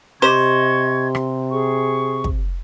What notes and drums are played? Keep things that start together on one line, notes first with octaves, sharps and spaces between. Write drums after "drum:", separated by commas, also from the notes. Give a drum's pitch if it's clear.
C3 G4 C5 D#5 C#6 G#6
drum: rim click
G#4 C#6
drum: kick